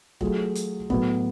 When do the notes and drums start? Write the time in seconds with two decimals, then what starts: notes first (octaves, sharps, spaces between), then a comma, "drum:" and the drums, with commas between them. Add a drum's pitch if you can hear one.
0.21 F#3 A3 F4 G#4, drum: kick
0.55 drum: hi-hat
0.90 A2 F#3 B3, drum: kick